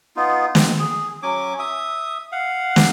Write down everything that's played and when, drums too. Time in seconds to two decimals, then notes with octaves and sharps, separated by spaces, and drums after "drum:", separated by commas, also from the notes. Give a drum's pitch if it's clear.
0.16 B3 D#4 F4
0.55 C4, drum: snare
0.79 G#4
1.23 F#3 C#4 G#5 D6
1.59 E5 D#6
2.32 F5 F#5
2.76 drum: snare